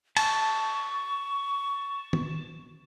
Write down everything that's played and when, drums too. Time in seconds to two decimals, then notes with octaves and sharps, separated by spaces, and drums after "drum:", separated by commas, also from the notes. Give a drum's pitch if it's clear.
0.17 A5 C#6, drum: cymbal
2.13 drum: tom D#3